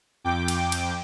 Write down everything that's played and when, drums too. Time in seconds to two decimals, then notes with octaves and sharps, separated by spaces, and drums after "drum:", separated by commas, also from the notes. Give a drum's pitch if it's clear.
0.24 F2 G5 D6
0.48 drum: cymbal
0.72 drum: cymbal